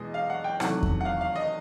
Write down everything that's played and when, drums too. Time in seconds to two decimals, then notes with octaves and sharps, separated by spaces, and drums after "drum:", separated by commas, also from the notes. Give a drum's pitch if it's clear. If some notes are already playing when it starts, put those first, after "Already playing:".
Already playing: E2 B2 G#3 D#5
0.14 F5
0.30 F#5
0.44 G5
0.60 E2 C3 D#3 F#3 A3 F#5, drum: rim click
0.83 drum: kick E2
1.01 F#5
1.05 F5
1.21 F5
1.36 D#5